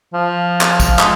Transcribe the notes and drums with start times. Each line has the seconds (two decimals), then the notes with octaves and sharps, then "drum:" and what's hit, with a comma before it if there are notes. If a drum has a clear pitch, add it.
0.14 F3
0.61 drum: clap
0.80 drum: kick, tambourine
0.99 G#3, drum: clap